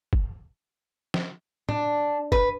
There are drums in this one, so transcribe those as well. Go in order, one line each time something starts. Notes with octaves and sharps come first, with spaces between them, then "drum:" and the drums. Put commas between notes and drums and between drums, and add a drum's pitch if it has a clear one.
drum: kick
drum: snare
D4, drum: tom A2
B4, drum: kick